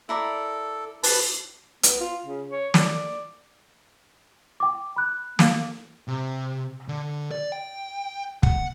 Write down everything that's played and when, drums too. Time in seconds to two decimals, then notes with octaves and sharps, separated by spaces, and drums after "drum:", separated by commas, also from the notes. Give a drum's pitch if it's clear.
0.09 E4 A4 A#4 D5
1.03 B4 A5 B5, drum: open hi-hat
1.83 B3, drum: hi-hat
2.00 F4
2.25 C#3
2.51 C#5
2.74 D5, drum: snare
4.60 G5 D6
4.96 B5 F#6
5.39 A#3, drum: snare
6.08 C3
6.88 D3
7.31 D5
7.52 G5
8.43 F#5, drum: kick